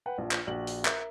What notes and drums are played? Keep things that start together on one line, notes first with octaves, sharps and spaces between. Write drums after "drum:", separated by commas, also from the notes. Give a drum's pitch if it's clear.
B4 F#5 G5
A#1 F3
drum: clap
A#1 F#4 F#7
drum: open hi-hat
A#4 E5, drum: clap